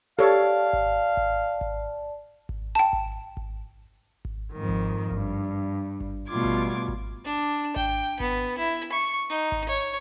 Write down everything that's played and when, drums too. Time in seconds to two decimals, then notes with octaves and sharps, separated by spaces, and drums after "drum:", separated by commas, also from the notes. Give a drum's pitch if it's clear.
0.19 G4 A4 C#5 D5 F5 A5
0.73 drum: kick G#1
1.17 drum: kick G#1
1.61 drum: kick G#1
2.49 drum: kick G#1
2.75 G5 A5
2.93 drum: kick G#1
3.37 drum: kick G#1
4.25 drum: kick G#1
4.53 F2 G#2 D#3
4.69 drum: kick G#1
5.11 G2, drum: kick G#1
6.00 drum: kick G#1
6.28 B2 G3 A3 F4 D6 G#6
6.44 drum: kick G#1
6.88 drum: kick G#1
7.25 D4
7.76 G5, drum: kick G#1
8.20 B3, drum: kick G#1
8.58 E4
8.92 C#6
9.30 D#4
9.52 drum: kick G#1
9.69 C#5